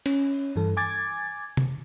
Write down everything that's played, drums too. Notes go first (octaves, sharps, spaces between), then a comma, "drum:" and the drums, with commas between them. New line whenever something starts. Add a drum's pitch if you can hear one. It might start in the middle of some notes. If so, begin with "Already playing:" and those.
C#4, drum: cymbal
G2 E3 A4
G#5 D6 G#6 A6
drum: tom